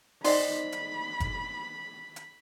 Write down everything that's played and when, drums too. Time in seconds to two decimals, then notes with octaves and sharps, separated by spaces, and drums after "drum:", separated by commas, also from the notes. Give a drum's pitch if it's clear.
0.24 D#4 C5 D5 D#5 B5 C6, drum: open hi-hat
0.72 drum: hi-hat
1.20 drum: kick F#1, hi-hat
2.16 drum: hi-hat